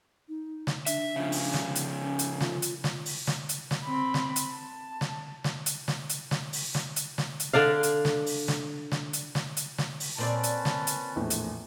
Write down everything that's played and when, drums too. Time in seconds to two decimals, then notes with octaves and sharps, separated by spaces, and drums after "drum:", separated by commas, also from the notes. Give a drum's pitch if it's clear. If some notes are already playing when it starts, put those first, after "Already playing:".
0.29 D#4
0.67 drum: snare
0.86 D4 E5, drum: hi-hat
1.16 C#3 F3
1.32 drum: open hi-hat
1.54 drum: snare
1.75 drum: hi-hat
2.02 C#4
2.19 drum: hi-hat
2.41 F4, drum: snare
2.62 drum: hi-hat
2.84 drum: snare
3.06 drum: open hi-hat
3.27 drum: snare
3.49 drum: hi-hat
3.71 drum: snare
3.84 C4 B5
4.14 drum: snare
4.36 drum: hi-hat
4.50 A5
5.01 drum: snare
5.44 drum: snare
5.66 drum: hi-hat
5.88 drum: snare
6.09 drum: hi-hat
6.31 drum: snare
6.53 drum: open hi-hat
6.75 drum: snare
6.96 drum: hi-hat
7.18 drum: snare
7.40 drum: hi-hat
7.53 D3 D4 D5 F5
7.83 drum: hi-hat
8.05 drum: snare
8.26 drum: open hi-hat
8.48 drum: snare
8.92 drum: snare
9.13 drum: hi-hat
9.35 drum: snare
9.57 drum: hi-hat
9.78 drum: snare
10.00 drum: open hi-hat
10.18 A#2 C4 C#4 B4 D5 A5
10.43 drum: hi-hat
10.65 drum: snare
10.87 drum: hi-hat
11.16 A#1 E2 A2
11.30 drum: hi-hat